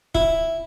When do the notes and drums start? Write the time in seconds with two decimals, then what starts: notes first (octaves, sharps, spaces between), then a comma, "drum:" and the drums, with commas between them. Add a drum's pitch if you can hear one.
0.15 E4, drum: kick C#1